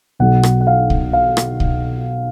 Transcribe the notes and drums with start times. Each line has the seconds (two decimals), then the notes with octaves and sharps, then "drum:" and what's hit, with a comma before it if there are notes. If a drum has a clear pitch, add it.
0.19 B1 B2 F#3 F#5
0.43 drum: rim click
0.61 F#5
0.67 F5
0.90 drum: kick C2
1.13 F5
1.37 drum: rim click
1.60 drum: kick C2